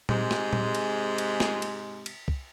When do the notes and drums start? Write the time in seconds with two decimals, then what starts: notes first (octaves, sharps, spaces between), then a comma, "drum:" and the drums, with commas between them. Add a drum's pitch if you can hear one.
0.09 G#2 C3 G#3, drum: tom A#2
0.31 drum: snare
0.53 drum: tom A#2
0.75 drum: cymbal
1.18 drum: cymbal
1.40 drum: snare
1.62 drum: cymbal
2.06 drum: cymbal
2.28 drum: kick